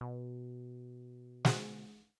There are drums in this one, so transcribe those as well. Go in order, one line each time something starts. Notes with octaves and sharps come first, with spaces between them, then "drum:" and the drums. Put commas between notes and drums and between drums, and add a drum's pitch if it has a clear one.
B2
F#4 G#4 C5, drum: snare